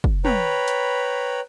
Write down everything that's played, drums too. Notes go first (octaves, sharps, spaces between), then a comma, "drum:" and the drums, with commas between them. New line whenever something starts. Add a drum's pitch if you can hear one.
drum: kick
B4 C#5 G5 A#5 B5, drum: tom
drum: hi-hat